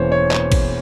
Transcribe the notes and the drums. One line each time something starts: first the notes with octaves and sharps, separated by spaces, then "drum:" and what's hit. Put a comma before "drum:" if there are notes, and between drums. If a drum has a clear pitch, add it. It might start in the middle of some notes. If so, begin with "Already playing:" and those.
Already playing: E1 E2 E3 A#3 C#4 C5 C#5
C#5
C#5, drum: clap
drum: kick, cymbal